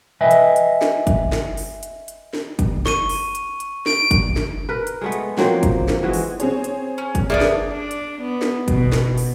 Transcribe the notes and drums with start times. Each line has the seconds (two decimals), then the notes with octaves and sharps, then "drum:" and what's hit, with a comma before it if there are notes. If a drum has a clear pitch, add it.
0.21 B4 D#5 E5 G5 G#5
0.31 drum: hi-hat
0.56 drum: hi-hat
0.81 drum: snare
1.07 drum: kick G1, hi-hat
1.32 drum: snare
1.57 drum: open hi-hat
1.83 drum: hi-hat
2.08 drum: hi-hat
2.33 drum: snare
2.59 drum: kick G1, hi-hat
2.86 C#6 D#7, drum: snare
3.09 drum: open hi-hat
3.35 drum: hi-hat
3.60 drum: hi-hat
3.86 D7, drum: snare
4.11 drum: kick G1, hi-hat
4.36 drum: snare
4.69 A#4 B4
4.87 drum: hi-hat
5.01 G#3 A3 B3
5.12 drum: hi-hat
5.37 F3 F#3 A#3 C4, drum: snare
5.63 drum: kick G1, hi-hat
5.88 drum: snare
6.03 E3 G#3 B3 F#4
6.13 drum: open hi-hat
6.40 C4 G#4 C#5, drum: hi-hat
6.64 drum: hi-hat
6.98 C#4
7.15 drum: kick G1, hi-hat
7.30 A#3 B3 D4 G#4 D5 E5
7.40 drum: snare
7.71 D4
7.91 drum: hi-hat
8.21 B3
8.42 drum: snare
8.68 B2, drum: kick G1, hi-hat
8.92 drum: snare
9.18 drum: open hi-hat